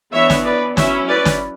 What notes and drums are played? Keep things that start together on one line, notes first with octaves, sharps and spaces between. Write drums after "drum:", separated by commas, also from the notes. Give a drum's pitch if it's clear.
E3 B3 D4 C#5 E5
drum: snare
B4 D5
F#3 C#4 E4 C#5 E5, drum: snare
B4 D5
drum: snare